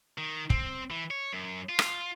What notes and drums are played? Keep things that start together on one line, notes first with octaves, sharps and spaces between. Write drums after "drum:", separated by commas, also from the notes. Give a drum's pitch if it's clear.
D#3
C4, drum: kick
E3
C#5
F#2
F4
drum: rim click